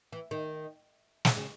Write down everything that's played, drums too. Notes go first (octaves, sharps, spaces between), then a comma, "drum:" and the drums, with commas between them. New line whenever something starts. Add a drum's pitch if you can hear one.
E3
D#3
drum: snare
C#3